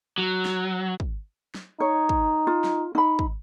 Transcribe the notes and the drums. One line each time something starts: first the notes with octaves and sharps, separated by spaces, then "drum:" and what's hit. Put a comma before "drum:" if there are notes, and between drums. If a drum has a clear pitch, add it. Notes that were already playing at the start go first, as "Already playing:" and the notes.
F#3
drum: snare
drum: kick
drum: snare
D#4 C#5
drum: kick
F4
drum: snare
D#4 B5
drum: kick